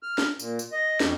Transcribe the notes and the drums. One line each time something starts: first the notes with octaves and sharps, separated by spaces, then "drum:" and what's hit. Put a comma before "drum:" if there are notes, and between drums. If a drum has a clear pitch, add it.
F6
drum: snare
A#2, drum: tambourine
drum: tambourine
D#5
F2, drum: snare